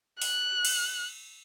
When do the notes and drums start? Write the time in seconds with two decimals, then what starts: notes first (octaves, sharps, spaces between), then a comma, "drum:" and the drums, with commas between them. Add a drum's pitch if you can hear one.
0.22 F#6, drum: open hi-hat
0.65 drum: cymbal